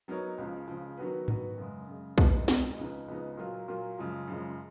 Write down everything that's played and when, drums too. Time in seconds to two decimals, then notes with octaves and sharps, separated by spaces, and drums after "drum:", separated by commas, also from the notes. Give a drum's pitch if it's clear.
0.08 F#3 B3 D#4 A#4 C#5
0.38 C#2 C#3 F3
0.68 C#2 C#3 F3
0.98 D#3 F#3 B3 F#4 B4
1.28 D#3 F#3 B3 F#4 B4, drum: tom G#2
1.58 F#2 C#3 G#3
1.88 F#2 C#3 G#3
2.18 B2 G#3 B3 D#4, drum: kick
2.48 B2 G#3 B3 D#4, drum: snare
2.79 C#2 C#3 F3 B3 D#4
3.08 C#2 C#3 F3 B3 D#4
3.37 A#2 F#3 A#3 F4
3.68 A#2 F#3 A#3 F4
3.98 F#2 C#3 F3 G#3
4.28 F#2 C#3 F3 G#3